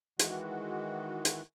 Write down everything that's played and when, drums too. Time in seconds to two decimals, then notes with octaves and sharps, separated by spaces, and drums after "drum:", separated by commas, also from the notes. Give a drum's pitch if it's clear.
0.19 D#3 E3 G#3 F#4, drum: hi-hat
1.25 drum: hi-hat